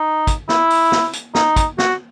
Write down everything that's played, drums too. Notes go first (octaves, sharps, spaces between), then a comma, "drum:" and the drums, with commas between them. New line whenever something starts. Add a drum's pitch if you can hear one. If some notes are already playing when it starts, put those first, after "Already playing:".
Already playing: D#4
drum: kick, hi-hat
E4, drum: snare
drum: open hi-hat
drum: snare
drum: hi-hat
D#4, drum: snare
drum: kick, hi-hat
F#4, drum: snare